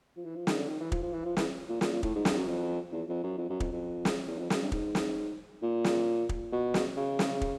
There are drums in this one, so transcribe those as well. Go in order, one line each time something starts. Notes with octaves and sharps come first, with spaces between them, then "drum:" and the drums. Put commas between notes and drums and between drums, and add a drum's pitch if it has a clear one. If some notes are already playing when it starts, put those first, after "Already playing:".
F3
E3
F3
D#3, drum: snare
D3
D#3
E3
F3, drum: kick
F3
E3
F3
E3, drum: snare
A#2
A#2, drum: snare
A#2
A2, drum: kick
G#2
G2, drum: snare
F#2
F2
E2
F2
F#2
F2
F#2
F2, drum: kick
F2
drum: snare
E2
F2
F#2, drum: snare
G2
G#2, drum: kick
drum: snare
A#2
drum: snare
drum: kick
B2
drum: snare
C#3
drum: snare
drum: kick